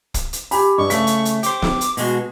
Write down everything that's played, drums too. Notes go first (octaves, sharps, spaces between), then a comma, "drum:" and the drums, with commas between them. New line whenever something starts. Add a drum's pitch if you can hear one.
drum: kick, hi-hat
drum: hi-hat
G4 G#5 B5, drum: open hi-hat
G2 D#5 C#6
C#3 A3 B6, drum: hi-hat
drum: hi-hat
drum: hi-hat
G4 C5 D6, drum: hi-hat
drum: snare
drum: hi-hat
B2 G#3 F#4, drum: open hi-hat